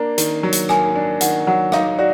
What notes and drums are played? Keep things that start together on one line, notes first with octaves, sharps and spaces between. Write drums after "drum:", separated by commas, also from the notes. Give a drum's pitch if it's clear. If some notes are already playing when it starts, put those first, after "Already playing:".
Already playing: A#3 D4 A#5
D#3, drum: hi-hat
F#3
drum: hi-hat
A#3 G#5, drum: rim click
D4
D#3 F#5, drum: hi-hat
F#3 F#5
D#4 F5, drum: rim click
F#4 D5